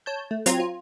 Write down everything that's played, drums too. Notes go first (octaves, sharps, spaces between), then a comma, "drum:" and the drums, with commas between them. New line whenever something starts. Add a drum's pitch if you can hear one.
C#5 A5 G6
A3
F#3 C4 F4 A#5 G#6, drum: hi-hat
F4